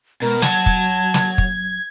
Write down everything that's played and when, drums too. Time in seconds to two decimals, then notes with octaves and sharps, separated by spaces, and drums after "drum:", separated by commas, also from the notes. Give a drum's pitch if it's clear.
0.22 B2 G#3 A#4
0.42 F#3 C#5 F#5 A5 G#6, drum: snare
0.66 drum: kick
1.14 drum: snare
1.38 drum: kick